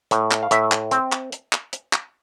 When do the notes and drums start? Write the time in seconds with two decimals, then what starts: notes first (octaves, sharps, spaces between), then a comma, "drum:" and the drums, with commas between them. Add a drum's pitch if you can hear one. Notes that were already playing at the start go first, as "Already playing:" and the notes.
0.11 A2, drum: hi-hat
0.31 drum: clap
0.43 F5
0.51 A2 E5, drum: hi-hat
0.72 drum: clap
0.91 C4, drum: hi-hat
1.12 drum: clap
1.32 drum: hi-hat
1.53 drum: clap
1.73 drum: hi-hat
1.93 drum: clap